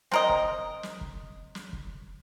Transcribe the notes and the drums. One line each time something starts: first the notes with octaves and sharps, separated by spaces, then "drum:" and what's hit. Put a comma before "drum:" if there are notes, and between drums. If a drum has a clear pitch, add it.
C4 A#4 D#5, drum: snare
drum: kick
drum: snare
drum: kick
drum: snare
drum: kick